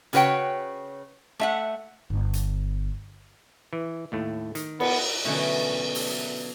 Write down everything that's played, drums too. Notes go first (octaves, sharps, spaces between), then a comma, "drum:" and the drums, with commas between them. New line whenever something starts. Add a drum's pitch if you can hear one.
C#3 F#4 B4 C#5 G5, drum: hi-hat
A3 E5 F#5
G1
drum: hi-hat
E3
D#2 A2 A3
D#3, drum: hi-hat
B3, drum: cymbal
B2 D3 E3 F#3 A3 C#4
drum: open hi-hat